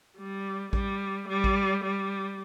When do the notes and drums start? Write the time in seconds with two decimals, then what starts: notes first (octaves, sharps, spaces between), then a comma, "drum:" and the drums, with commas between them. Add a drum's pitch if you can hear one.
0.17 G3
0.73 G3, drum: kick A1
1.29 G3
1.44 drum: kick A1
1.84 G3